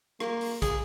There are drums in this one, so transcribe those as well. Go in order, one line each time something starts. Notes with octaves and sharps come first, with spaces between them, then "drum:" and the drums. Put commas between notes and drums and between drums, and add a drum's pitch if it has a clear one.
A#3, drum: rim click
drum: open hi-hat
G#4, drum: kick, hi-hat